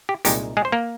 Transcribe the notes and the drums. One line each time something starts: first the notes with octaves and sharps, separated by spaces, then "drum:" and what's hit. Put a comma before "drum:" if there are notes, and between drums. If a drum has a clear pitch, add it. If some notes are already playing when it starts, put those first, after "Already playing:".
G4
C2 A#2 G#3 D#4 G4, drum: hi-hat
G#3 G#4
C5
A#3 A#4